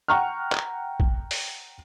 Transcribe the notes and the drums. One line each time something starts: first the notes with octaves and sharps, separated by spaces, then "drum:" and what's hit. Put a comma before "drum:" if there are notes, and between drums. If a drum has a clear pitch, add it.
F#5 G5 A#5 C#6 F6
drum: clap
drum: kick A#1
drum: open hi-hat